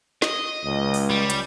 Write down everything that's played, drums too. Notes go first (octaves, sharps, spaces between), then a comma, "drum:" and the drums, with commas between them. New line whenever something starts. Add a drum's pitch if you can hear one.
D#5, drum: snare
C#2
drum: open hi-hat
G3
drum: hi-hat